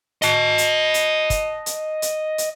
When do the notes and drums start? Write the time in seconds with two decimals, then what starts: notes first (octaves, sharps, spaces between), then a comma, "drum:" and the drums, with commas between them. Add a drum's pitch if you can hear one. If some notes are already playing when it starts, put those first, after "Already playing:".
0.22 D#5 A5, drum: hi-hat
0.58 drum: hi-hat
0.94 drum: hi-hat
1.30 drum: kick, hi-hat
1.66 drum: hi-hat
2.02 drum: hi-hat
2.38 drum: hi-hat